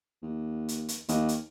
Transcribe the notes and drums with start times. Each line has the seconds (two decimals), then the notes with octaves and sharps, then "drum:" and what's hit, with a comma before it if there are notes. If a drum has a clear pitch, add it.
0.22 D#2
0.68 drum: hi-hat
0.89 drum: hi-hat
1.09 D#2, drum: hi-hat
1.29 drum: hi-hat